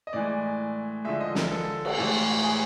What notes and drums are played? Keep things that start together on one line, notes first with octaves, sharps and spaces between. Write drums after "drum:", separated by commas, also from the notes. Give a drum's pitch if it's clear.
D#5
A2 E3 G#3 D5
D3 F3 G#3 E5
D#5
A#4, drum: snare
A4
drum: cymbal
A2 E3 G#3
G#4